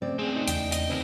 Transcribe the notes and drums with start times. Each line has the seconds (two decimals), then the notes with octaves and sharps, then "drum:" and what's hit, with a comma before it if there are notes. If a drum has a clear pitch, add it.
0.02 C#3 A3 C4 D5
0.19 C#2 C4 G#4
0.36 D#4
0.48 E2 G5, drum: hi-hat
0.72 D#5, drum: hi-hat
0.90 C#2 C4 A#4